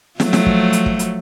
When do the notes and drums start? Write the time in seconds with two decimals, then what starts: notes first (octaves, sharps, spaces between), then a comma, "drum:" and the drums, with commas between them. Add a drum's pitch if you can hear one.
0.20 F3 F#3 A3, drum: snare
0.33 drum: snare
0.46 drum: kick
0.73 drum: hi-hat
0.86 drum: kick
0.99 drum: hi-hat